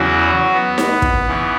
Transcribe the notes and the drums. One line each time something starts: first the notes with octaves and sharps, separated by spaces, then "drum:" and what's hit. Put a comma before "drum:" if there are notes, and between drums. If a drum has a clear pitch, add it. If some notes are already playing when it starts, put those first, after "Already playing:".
Already playing: E2 C#3 E3 F#3 F#4
B3
drum: snare D#4
drum: kick
C#3 E3